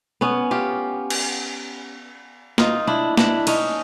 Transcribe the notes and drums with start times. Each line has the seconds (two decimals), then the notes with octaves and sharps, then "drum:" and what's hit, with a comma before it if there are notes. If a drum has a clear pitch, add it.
0.21 B3 C#4
0.51 F4 G4
1.10 drum: cymbal
2.58 D#4 F4, drum: snare
2.87 D4 E4
3.17 D4 E4, drum: snare
3.47 C#4 D#4, drum: cymbal